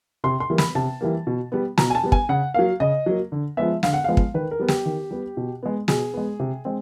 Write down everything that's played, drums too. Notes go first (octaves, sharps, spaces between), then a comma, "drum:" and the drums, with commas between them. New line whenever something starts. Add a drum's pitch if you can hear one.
C3 C6
C6
E3 G3 A#3
B5, drum: snare
C3 A5
E3 G3 A#3
B2
G3 B3
B2 A#5, drum: snare
G#5
A5
G3 B3
G#5, drum: kick
C#3 F#5
F#3 A#3 F5
C#3 D#5
F#3 A#3
D3
F3 G#3 B3 E5
D3 F5, drum: snare
F#5
F3 G#3 B3 F5
drum: kick
D#3 B4
A#4
G3 B3
G4, drum: snare
D#3
G3 B3
B2
G#3 B3
B2 G#4, drum: snare
G#3 B3
C3
G#3 C4